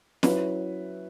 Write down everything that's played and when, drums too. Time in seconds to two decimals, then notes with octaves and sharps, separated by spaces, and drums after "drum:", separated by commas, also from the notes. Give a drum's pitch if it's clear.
0.23 F#3 C#4 E4 B4, drum: snare